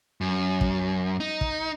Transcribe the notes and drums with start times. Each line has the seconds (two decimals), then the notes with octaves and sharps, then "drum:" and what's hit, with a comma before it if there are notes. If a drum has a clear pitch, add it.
0.21 F#2
0.61 drum: kick
1.20 D#4
1.41 drum: kick